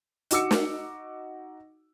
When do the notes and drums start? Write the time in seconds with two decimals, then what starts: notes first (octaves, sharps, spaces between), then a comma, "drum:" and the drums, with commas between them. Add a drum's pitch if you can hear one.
0.31 D#4 F#4 D6 E6 C#7, drum: hi-hat
0.51 drum: snare